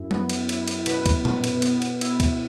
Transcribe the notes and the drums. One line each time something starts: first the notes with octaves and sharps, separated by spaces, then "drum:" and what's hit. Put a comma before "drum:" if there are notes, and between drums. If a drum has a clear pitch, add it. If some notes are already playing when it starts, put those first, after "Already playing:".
Already playing: F#2 E4
B3, drum: tom F#3
drum: cymbal
E4, drum: cymbal
drum: cymbal
B2 B4, drum: cymbal
drum: kick, cymbal
B2, drum: tom A#2
drum: cymbal
B3, drum: cymbal
drum: cymbal
E4, drum: cymbal
drum: kick, cymbal